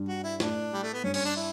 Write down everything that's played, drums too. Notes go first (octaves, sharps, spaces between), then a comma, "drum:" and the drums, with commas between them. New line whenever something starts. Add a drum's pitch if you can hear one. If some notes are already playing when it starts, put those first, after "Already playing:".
Already playing: G2
F#4
E4
A2 D4, drum: snare
G3
A3
B3
G2 C#4
C#4, drum: cymbal
D4
E4